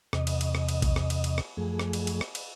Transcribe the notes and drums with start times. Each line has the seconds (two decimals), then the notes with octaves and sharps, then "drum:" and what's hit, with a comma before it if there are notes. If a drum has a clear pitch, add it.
0.13 E2 C3 D#5, drum: rim click
0.27 drum: cymbal
0.41 drum: cymbal
0.55 drum: rim click
0.69 drum: cymbal
0.82 drum: kick A#1, cymbal
0.96 drum: rim click
1.10 drum: cymbal
1.24 drum: cymbal
1.38 drum: rim click
1.57 F#2 F3 A3 G#4
1.79 drum: rim click
1.93 drum: cymbal
2.07 drum: cymbal
2.21 drum: rim click
2.35 drum: cymbal